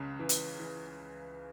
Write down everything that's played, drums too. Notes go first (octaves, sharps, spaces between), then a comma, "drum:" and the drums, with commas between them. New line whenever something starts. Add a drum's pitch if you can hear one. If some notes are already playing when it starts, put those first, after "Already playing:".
Already playing: C#2 C#3
E3
drum: hi-hat
E3